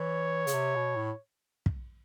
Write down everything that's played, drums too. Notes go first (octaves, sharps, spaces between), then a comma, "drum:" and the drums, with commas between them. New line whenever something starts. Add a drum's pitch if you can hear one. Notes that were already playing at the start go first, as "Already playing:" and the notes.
Already playing: E3 C#5
C#3, drum: hi-hat
C3
B2
A2
drum: kick